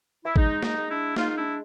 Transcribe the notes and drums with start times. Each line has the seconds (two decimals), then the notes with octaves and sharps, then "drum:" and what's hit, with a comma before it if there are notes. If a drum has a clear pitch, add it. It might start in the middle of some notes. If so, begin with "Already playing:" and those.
0.25 E4
0.36 G#3 D#4, drum: kick G#1
0.63 D#4, drum: snare
0.76 G#3
0.90 D4 E4
1.16 G#3 D#4 F4, drum: snare
1.29 F4
1.37 D4 E4